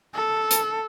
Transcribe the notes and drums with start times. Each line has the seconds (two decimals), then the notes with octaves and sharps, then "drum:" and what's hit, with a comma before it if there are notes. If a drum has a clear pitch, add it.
0.15 A4
0.51 drum: hi-hat